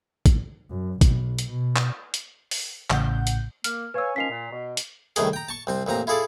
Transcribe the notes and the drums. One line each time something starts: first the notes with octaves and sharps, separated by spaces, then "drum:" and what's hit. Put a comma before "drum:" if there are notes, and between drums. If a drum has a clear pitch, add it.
drum: kick, hi-hat
F#2
B1, drum: kick, hi-hat
drum: hi-hat
B2
drum: clap
drum: hi-hat
drum: open hi-hat
A1 A2 C#3 F#5 G6, drum: clap
drum: hi-hat
A#3 F6, drum: hi-hat
B4 C#5 F5 G#5 E6
D#3 F3 C#4 B6 C7 F7
A#2
B2
drum: hi-hat
C2 A2 D#3 G#4, drum: hi-hat
G5 A#5
A5 C#6
C2 C4 C6
A1 A#2 C4 A#5
E4 F4 G#4 A4 D5